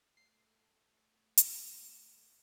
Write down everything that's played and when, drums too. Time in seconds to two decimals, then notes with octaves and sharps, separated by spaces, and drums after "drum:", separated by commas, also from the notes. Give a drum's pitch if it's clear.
0.17 A3 C7
1.37 drum: hi-hat